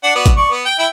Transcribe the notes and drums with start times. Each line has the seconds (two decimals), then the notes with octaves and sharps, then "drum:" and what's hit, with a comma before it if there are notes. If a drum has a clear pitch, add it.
0.03 D4 F#5
0.15 B3 F#4 D5
0.26 drum: kick A1, hi-hat
0.36 D5 C#6
0.51 B3
0.65 G5
0.79 E4 G5